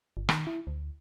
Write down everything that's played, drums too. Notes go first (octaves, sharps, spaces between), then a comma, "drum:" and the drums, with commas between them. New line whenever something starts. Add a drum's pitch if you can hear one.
G1
D#3, drum: rim click
E4
D2